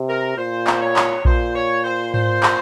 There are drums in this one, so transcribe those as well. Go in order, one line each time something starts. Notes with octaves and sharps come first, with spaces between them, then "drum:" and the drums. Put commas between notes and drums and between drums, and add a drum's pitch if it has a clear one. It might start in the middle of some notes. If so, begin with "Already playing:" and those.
Already playing: C3
A#4
A#2 C5
drum: clap
C#5
drum: clap
A#2 C5, drum: kick A#1
C#5
C5
C5, drum: tom G#2
drum: clap